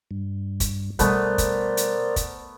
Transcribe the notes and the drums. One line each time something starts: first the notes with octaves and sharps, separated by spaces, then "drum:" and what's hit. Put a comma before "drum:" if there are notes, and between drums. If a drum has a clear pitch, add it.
G2
drum: kick, hi-hat
B2 G3 A3 B3 A#4 C5 D5, drum: hi-hat
drum: kick, hi-hat
drum: hi-hat
drum: kick, hi-hat